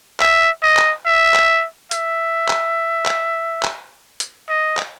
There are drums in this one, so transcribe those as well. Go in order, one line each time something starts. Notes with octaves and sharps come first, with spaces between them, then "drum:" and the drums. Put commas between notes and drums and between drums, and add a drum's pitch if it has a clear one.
E5, drum: clap
D#5
drum: clap
E5
drum: clap
E5, drum: hi-hat
drum: clap
drum: clap
drum: clap
drum: hi-hat
D#5
drum: clap